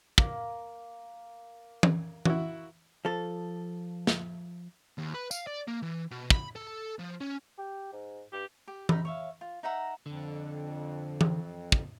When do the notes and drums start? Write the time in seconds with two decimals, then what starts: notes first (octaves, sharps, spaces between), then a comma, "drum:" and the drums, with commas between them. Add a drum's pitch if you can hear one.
0.18 A#3 A#4, drum: kick
1.83 drum: tom
2.25 E4 F#4, drum: tom E3
3.05 F3 A4
4.07 drum: snare
4.98 D#2
5.14 B4
5.31 F5, drum: tambourine
5.47 D5
5.68 A#3
5.83 E3
6.11 B2
6.30 B5, drum: kick
6.56 A4
6.99 F3
7.21 C#4
7.58 G4
7.93 G#2
8.33 G2 G4
8.68 G4
8.89 D#4 B5, drum: tom E3
9.05 C#5 E5 F5
9.41 F4
9.63 D#4 E5 F#5 A#5
10.06 F2 D3
11.21 drum: tom E3
11.72 drum: kick